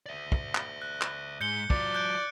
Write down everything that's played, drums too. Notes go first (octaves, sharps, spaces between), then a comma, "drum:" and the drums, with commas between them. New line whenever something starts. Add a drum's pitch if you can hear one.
D5 E5
drum: kick
drum: clap
F#6
drum: clap
G#2 G6 C#7 G7
F#3 F4 D5, drum: kick
F#6 G6 D7